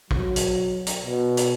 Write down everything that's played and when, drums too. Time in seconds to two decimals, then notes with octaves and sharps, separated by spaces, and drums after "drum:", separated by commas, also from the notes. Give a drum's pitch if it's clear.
0.11 F#3, drum: kick
0.36 drum: hi-hat
0.87 drum: hi-hat
1.06 B2
1.37 drum: hi-hat